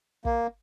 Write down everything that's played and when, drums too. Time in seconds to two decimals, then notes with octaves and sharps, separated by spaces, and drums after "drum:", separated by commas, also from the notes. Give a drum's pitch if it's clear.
0.25 A#3, drum: kick